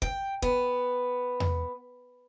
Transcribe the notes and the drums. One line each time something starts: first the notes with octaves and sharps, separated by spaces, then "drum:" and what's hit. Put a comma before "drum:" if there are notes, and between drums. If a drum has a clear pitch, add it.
G5, drum: kick
B3, drum: kick
drum: tom E2